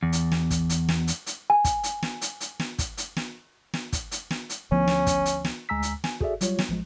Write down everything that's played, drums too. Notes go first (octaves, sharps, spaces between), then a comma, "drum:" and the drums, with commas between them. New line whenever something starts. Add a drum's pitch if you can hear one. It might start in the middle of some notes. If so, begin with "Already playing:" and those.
E2
drum: hi-hat
drum: snare
drum: kick, hi-hat
drum: hi-hat
drum: snare
drum: hi-hat
drum: hi-hat
G#5
drum: kick, hi-hat
drum: hi-hat
drum: snare
drum: hi-hat
drum: hi-hat
drum: snare
drum: kick, hi-hat
drum: hi-hat
drum: snare
drum: snare
drum: kick, hi-hat
drum: hi-hat
drum: snare
drum: hi-hat
D2 F3 B3 C#4
drum: snare
drum: kick, hi-hat
drum: hi-hat
drum: snare
D2 G#3 G#5 A#5 E6 B6
drum: hi-hat
G#5, drum: snare
F#4 G#4 A4 D5 E5, drum: kick
F#3 G3 F4 C#5, drum: hi-hat
drum: snare
A1 F3 G#3